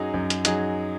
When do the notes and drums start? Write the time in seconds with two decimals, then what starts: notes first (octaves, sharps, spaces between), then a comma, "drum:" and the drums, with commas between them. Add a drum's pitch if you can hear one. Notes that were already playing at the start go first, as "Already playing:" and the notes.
Already playing: F#2 F#3 D#4 G#4
0.14 F#2
0.30 drum: hi-hat
0.45 F#3 D#4 G#4, drum: hi-hat